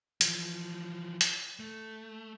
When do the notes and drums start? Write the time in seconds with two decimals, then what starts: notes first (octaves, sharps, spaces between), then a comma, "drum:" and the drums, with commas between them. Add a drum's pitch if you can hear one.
0.21 E3 F3, drum: hi-hat
1.21 drum: hi-hat
1.60 A3